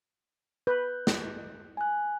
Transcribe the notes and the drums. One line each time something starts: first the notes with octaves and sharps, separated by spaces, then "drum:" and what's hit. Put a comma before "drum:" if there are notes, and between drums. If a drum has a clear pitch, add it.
B4 F#6 G6
drum: snare
G#5 F#6